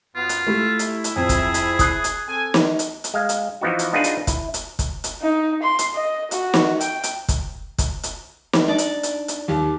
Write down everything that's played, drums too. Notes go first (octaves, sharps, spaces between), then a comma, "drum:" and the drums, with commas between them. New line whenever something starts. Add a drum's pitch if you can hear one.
F#2 B3 F4
drum: hi-hat
A3 E4 G4
drum: hi-hat
drum: hi-hat
F2 G#4
drum: kick, hi-hat
drum: hi-hat
D#6 F#6 C7, drum: kick, hi-hat
drum: hi-hat
C4 A4 G#5
drum: snare
drum: hi-hat
drum: hi-hat
G#3 F5
drum: hi-hat
E3 F3 B3 D#4 F#4
drum: hi-hat
B3 D4 D#4 F4 G#4 B4
drum: hi-hat
E4, drum: kick, hi-hat
drum: hi-hat
drum: kick, hi-hat
drum: hi-hat
D#4
C6
drum: hi-hat
D#5
F#4, drum: hi-hat
drum: snare
G5, drum: hi-hat
drum: hi-hat
drum: kick, hi-hat
drum: kick, hi-hat
drum: hi-hat
drum: snare
D4 D#4 D5
drum: hi-hat
drum: hi-hat
drum: hi-hat
D#2 G4